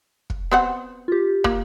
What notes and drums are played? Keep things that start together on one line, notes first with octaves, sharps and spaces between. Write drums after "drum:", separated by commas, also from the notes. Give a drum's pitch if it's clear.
drum: kick
B3 C4 F#5
F4 G4
A#3, drum: kick